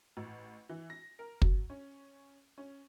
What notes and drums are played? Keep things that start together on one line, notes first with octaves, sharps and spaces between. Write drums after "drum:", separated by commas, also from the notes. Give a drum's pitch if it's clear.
A1
E3
A#6
A#4
F#3, drum: kick
C#4
C#4